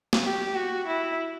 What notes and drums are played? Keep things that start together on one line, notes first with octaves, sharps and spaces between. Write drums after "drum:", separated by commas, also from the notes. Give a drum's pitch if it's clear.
drum: snare
G4
F#4
E4